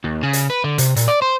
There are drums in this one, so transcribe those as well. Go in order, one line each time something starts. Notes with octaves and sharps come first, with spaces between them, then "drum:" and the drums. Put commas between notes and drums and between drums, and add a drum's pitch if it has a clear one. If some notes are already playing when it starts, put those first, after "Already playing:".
D#2
C#3
drum: hi-hat
B4
D3
C3, drum: hi-hat
A#2, drum: hi-hat
D5
C5